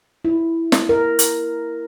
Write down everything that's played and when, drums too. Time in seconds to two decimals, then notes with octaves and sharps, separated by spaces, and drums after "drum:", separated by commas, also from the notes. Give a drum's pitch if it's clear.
0.25 E4
0.72 drum: snare
0.89 A#4
1.19 drum: hi-hat